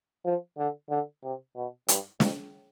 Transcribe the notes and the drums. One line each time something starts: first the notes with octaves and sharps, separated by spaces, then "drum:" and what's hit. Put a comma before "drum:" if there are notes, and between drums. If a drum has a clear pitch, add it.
F3
D3
D3
C3
B2
G2, drum: hi-hat
F2, drum: snare